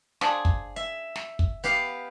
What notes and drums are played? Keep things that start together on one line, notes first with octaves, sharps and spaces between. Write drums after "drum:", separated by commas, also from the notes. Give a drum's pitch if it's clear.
F3 D4 G#4, drum: snare
drum: kick
E5
drum: snare
drum: kick
B3 G4 F5